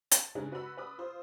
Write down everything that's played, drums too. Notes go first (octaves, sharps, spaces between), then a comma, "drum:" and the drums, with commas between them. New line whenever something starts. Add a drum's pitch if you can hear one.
A5, drum: hi-hat
C#3 G#3 D4 D#4 G#4 B4
F#4 B4 D5 F#5 B5 E6
B4 D5 B5 D6 D#6
F4 C5